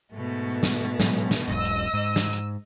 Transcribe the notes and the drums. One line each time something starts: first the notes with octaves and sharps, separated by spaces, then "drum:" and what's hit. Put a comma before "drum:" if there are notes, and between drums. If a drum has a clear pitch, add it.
G#2 B2 A3
drum: snare
A2 F#3 G#3, drum: snare
drum: snare
E1 B1 G#2 D#5 E6
drum: hi-hat
G#2
drum: snare
drum: hi-hat